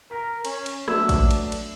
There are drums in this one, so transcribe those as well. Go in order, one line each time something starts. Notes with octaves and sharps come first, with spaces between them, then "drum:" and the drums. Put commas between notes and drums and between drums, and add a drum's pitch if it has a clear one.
A#4 B6
C#4, drum: cymbal
drum: cymbal
F#3 A3 B3 D4 E5, drum: rim click
drum: kick A1, cymbal
drum: cymbal
drum: cymbal